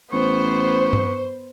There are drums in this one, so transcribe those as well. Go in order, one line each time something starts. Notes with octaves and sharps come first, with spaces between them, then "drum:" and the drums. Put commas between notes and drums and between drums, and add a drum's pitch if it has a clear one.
A1 B3 C5 C#6
drum: tom G2